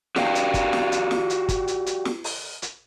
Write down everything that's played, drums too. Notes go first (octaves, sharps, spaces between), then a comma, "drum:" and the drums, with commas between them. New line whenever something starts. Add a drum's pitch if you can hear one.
F#4 G4 D5 F5 G5, drum: snare
drum: hi-hat
drum: kick, hi-hat
drum: snare
drum: hi-hat
drum: snare
drum: hi-hat
drum: kick, hi-hat
drum: hi-hat
drum: hi-hat
drum: snare
drum: open hi-hat
drum: hi-hat